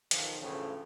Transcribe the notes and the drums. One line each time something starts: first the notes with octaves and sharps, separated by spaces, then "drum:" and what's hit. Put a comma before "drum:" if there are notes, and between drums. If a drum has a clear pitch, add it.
B1 D#3 F3, drum: hi-hat
D2 A2 C#3 E3 F3 A3